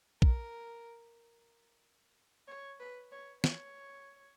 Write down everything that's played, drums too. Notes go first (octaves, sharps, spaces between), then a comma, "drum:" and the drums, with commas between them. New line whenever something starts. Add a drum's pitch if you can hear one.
A#4, drum: kick A#1
C#5
B4
C#5
C#5, drum: snare